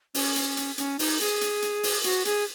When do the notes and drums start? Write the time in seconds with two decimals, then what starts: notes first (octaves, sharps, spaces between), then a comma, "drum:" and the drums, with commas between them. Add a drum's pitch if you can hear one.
0.14 C#4, drum: open hi-hat
0.36 drum: hi-hat
0.57 drum: hi-hat
0.78 C#4, drum: hi-hat
0.99 D#4, drum: open hi-hat
1.21 G#4, drum: hi-hat
1.41 drum: hi-hat
1.62 drum: hi-hat
1.83 drum: open hi-hat
2.04 F#4, drum: hi-hat
2.25 G#4, drum: hi-hat